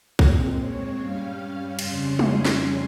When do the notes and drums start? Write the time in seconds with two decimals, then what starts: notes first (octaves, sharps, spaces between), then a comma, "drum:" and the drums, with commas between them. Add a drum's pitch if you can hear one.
0.19 A#2 G#3 C4, drum: kick B1
0.60 C#5
0.99 G2 G3 C#4 F5
1.79 F2 C#3 G3 C#4 C6, drum: cymbal
2.19 G#5, drum: tom G3
2.45 drum: snare